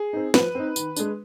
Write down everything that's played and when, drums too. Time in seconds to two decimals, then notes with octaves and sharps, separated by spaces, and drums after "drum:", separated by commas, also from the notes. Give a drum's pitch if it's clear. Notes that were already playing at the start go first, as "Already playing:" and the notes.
Already playing: G#4
0.13 C4 D#4
0.34 F3 B4, drum: snare
0.55 C4 D#4
0.76 D#3, drum: tambourine
0.96 G#3 D4, drum: tambourine